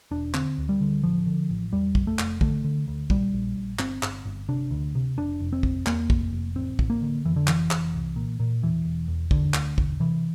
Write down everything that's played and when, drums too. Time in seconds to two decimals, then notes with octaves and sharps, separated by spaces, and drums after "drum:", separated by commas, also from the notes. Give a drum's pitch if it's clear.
0.11 E1 D4
0.34 D3 C4, drum: clap
0.58 D2
0.69 G3
0.81 D3
1.03 A1 F3
1.26 D3
1.50 A1
1.72 E2 G3
1.95 F1, drum: kick
2.07 A3
2.19 F1, drum: clap
2.41 D3 A3, drum: kick
2.64 D3
2.88 D2
3.10 A#1 G3, drum: kick
3.33 A#1
3.56 A#1
3.79 G1 C4, drum: clap
4.03 G1, drum: clap
4.26 G1
4.48 C3 D4
4.71 D2
4.95 C3
5.18 F1 D4
5.40 F1
5.53 C4
5.63 F1, drum: kick
5.86 E2 A#3, drum: clap
6.10 F1, drum: kick
6.33 F1
6.55 A1 C4
6.79 A1, drum: kick
6.90 A#3
7.02 D3
7.25 F2 E3
7.36 D3
7.47 F1 E3, drum: clap
7.71 F1, drum: clap
7.94 C2
8.16 A#2
8.40 A#2
8.62 E1 E3
8.85 E1
9.08 E2
9.31 E1 D3, drum: kick
9.54 D2, drum: clap
9.78 E1, drum: kick
10.00 C3 E3